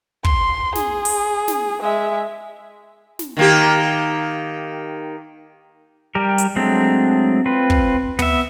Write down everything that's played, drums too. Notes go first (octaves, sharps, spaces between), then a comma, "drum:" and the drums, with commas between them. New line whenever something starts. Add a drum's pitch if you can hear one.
C6, drum: kick
G#4, drum: snare
drum: open hi-hat
drum: snare
G#3 E5
drum: snare
D#3 A#3 G4
G3 G4 A#4
drum: hi-hat
F#3 G#3 A3 C4 D4
C4 F4 B4
drum: kick
B3 E5, drum: tom